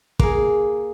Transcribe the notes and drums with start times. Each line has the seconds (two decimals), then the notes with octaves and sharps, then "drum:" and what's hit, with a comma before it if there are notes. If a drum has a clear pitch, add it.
0.19 A#3 G#4, drum: kick